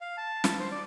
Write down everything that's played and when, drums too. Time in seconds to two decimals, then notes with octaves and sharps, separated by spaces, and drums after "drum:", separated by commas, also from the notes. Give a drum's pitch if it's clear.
0.01 F5
0.17 A5
0.44 drum: snare
0.59 C5
0.71 D5